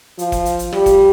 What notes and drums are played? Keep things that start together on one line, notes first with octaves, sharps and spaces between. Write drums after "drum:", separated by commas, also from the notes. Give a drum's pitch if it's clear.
F3, drum: hi-hat
drum: kick, hi-hat
drum: hi-hat
drum: hi-hat
G3, drum: rim click
drum: kick, hi-hat